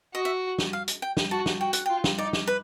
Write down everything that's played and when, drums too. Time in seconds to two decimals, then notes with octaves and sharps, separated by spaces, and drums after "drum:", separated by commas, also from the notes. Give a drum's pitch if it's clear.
0.14 F#4 D#5
0.25 E5
0.58 drum: snare
0.73 F5
0.88 drum: hi-hat
1.02 G5
1.17 drum: snare
1.31 F#4 A5
1.46 drum: snare
1.60 F#4 G5
1.73 F#5, drum: hi-hat
1.86 F4 G5
2.04 drum: snare
2.18 D#4 D5
2.33 drum: snare
2.47 B4